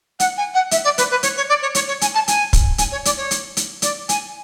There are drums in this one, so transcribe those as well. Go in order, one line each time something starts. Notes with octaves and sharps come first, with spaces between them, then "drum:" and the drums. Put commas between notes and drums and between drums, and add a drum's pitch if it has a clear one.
F#5, drum: hi-hat
G#5
F#5
E5, drum: hi-hat
D5
B4, drum: hi-hat
B4
C#5, drum: hi-hat
C#5
D5
C#5
C#5, drum: hi-hat
C#5
G#5, drum: hi-hat
A5
G#5, drum: hi-hat
drum: kick, hi-hat
G#5, drum: hi-hat
C#5
D5, drum: hi-hat
C#5
drum: hi-hat
drum: hi-hat
D5, drum: hi-hat
G#5, drum: hi-hat